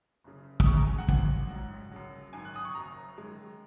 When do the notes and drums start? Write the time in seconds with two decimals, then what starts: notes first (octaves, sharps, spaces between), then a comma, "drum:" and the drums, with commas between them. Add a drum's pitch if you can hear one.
0.24 F#1 F#2 C#3
0.60 D#6, drum: kick
0.67 D#2 C#3 G#3 C#6
0.77 A#5
0.87 G#5
0.98 F#5
1.09 G#1 F#2 F#3 F#5, drum: kick
1.50 A#1 G#2 F#3
1.92 F#2 C#3 F#3
2.33 G#1 F#2 D#3 G#5
2.45 F#6
2.56 D#6
2.65 C#6
2.75 F#1 F#2 F#3 A#5
3.17 F#2 D#3 G#3